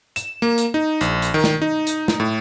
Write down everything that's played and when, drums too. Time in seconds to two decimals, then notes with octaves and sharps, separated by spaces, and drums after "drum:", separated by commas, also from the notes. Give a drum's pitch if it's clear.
0.16 E7, drum: hi-hat
0.42 A#3
0.58 drum: hi-hat
0.74 D#4
1.01 A#1, drum: hi-hat
1.22 drum: hi-hat
1.34 D#3
1.44 drum: snare
1.62 D#4
1.87 drum: hi-hat
2.08 drum: snare
2.20 A2